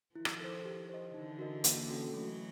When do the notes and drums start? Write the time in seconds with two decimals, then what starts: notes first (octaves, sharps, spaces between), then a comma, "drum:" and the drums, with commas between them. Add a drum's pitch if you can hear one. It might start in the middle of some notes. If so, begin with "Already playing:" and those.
0.15 D#3 F3 E4
0.25 drum: rim click
0.40 A4 C5
0.65 G4
0.90 C5 D#5
1.14 D3 E3 D#4
1.39 F#4 A#4 D#5
1.64 A#3, drum: hi-hat
1.88 C#4 F#4 A4
2.13 E3 F#3 A3